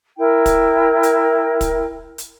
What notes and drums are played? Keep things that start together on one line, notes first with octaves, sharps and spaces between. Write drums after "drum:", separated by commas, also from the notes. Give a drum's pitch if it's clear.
E4 A#4 G5
drum: kick, hi-hat
drum: hi-hat
drum: kick, hi-hat
drum: hi-hat